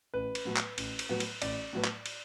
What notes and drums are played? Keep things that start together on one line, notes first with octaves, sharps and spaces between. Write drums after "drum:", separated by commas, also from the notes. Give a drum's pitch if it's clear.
A1 B4
drum: cymbal
A2 F#3 B3
drum: clap
A1, drum: cymbal
drum: cymbal
A2 F#3 B3
drum: cymbal
A1 D5, drum: cymbal
A2 F#3 B3
drum: clap
drum: cymbal